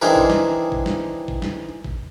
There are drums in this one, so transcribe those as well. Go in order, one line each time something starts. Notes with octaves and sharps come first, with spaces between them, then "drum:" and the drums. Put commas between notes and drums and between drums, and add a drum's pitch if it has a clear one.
E3 C4 D4 D#4 G#4 A#4
drum: kick G#1
drum: snare
drum: kick G#1
drum: snare
drum: kick G#1
drum: snare
drum: kick G#1